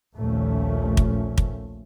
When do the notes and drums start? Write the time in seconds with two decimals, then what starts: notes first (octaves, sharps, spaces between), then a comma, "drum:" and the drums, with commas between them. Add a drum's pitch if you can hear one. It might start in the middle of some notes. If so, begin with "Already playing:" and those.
0.17 A#1 D#2 A#2 F3 A3 C#4
0.97 drum: kick
1.38 drum: kick